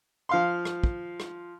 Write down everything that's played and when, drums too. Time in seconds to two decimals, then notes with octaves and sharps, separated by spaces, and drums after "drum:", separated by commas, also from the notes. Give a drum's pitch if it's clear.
0.29 F3 F5 C6
0.65 drum: rim click
0.83 drum: kick
1.20 drum: rim click